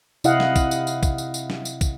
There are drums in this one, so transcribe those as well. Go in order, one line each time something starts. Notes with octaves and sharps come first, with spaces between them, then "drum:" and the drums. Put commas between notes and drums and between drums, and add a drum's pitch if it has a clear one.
C3 E4 D#5 F5 F#5, drum: tambourine
drum: snare
drum: kick, tambourine
drum: tambourine
drum: tambourine
drum: kick, tambourine
drum: tambourine
drum: tambourine
drum: snare
drum: tambourine
drum: kick, tambourine